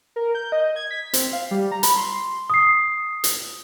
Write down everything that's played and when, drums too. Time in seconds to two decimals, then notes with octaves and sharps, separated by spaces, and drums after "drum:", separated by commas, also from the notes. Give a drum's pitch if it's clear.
0.16 A#4
0.35 G6
0.52 D#5
0.76 G#6
0.91 B6
1.14 C4, drum: hi-hat
1.33 F5
1.51 G3
1.71 A#5
1.83 B5, drum: hi-hat
1.97 C6
2.50 D#6 C7
3.24 drum: hi-hat